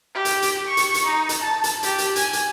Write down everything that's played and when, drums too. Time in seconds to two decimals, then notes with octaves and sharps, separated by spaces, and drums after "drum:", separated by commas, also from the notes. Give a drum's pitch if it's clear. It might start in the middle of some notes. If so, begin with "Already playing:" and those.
0.14 G4
0.25 drum: hi-hat
0.42 drum: hi-hat
0.67 C#6
0.77 drum: hi-hat
0.94 drum: hi-hat
1.05 D#4
1.29 drum: hi-hat
1.41 A5
1.64 drum: hi-hat
1.83 G4, drum: hi-hat
1.98 drum: hi-hat
2.16 G#5, drum: hi-hat
2.33 drum: hi-hat